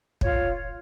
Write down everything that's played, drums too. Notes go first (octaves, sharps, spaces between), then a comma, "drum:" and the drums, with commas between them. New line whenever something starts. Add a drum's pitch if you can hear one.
F4 C#5, drum: kick